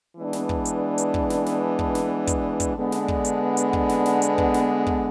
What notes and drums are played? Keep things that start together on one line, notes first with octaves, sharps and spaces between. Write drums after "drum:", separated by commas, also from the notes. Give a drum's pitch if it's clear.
E3 G#3 B3 D4
drum: snare
drum: kick
drum: hi-hat
drum: hi-hat
drum: kick
drum: snare
drum: snare
drum: kick
drum: snare
drum: kick, hi-hat
drum: kick, hi-hat
D3 G#3 B3 D4
drum: snare
drum: kick
drum: hi-hat
drum: hi-hat
drum: kick
drum: snare
drum: snare
drum: hi-hat
drum: kick
drum: snare
drum: kick